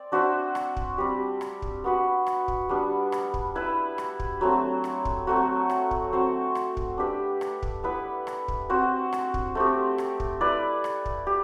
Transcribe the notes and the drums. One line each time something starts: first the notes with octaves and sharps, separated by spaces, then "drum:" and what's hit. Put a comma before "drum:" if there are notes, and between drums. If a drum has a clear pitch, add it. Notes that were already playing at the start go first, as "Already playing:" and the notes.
Already playing: C4 D5
D4 F#4 C5 E5
drum: rim click
drum: kick
G3 C4 G4
drum: rim click
drum: kick
B3 F#4 B4
drum: rim click
drum: kick
G3 B3 D4
drum: rim click
drum: kick
E4 B4 E5
drum: rim click
drum: kick
F#3 A3 C4
drum: rim click
drum: kick
F#3 A3 C4 F#4
drum: rim click
drum: kick
C4 F#4 C5
drum: rim click
drum: kick
D4 G4 B4 E5
drum: rim click
drum: kick
B3 E4 B4 E5
drum: rim click
drum: kick
C4 F#4 C5
drum: rim click
drum: kick
A3 C4 G4
drum: rim click
drum: kick
E4 B4 D5
drum: rim click
drum: kick
G4